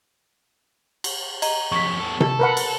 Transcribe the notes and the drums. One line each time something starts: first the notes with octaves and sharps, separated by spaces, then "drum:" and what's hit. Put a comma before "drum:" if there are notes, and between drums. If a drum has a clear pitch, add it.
drum: cymbal
D#5 A#5, drum: cymbal
F2 C#4 C#6 B6
B3 A4
A4, drum: tom C3
A#4 B4 F#5
drum: cymbal